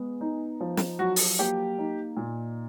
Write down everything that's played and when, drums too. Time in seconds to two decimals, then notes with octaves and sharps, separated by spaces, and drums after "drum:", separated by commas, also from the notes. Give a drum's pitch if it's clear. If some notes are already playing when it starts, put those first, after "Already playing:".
Already playing: G#3 B3
0.21 D#4
0.61 F3
0.77 drum: snare
0.99 F#3 F#4
1.16 drum: open hi-hat
1.39 A#3 G4
1.78 D#4
2.17 A#2